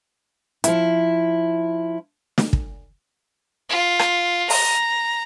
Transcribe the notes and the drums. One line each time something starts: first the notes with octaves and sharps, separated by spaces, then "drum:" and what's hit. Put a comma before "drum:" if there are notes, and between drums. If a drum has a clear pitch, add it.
F3 E4, drum: hi-hat
drum: snare
drum: kick
F4
drum: rim click
A#5, drum: open hi-hat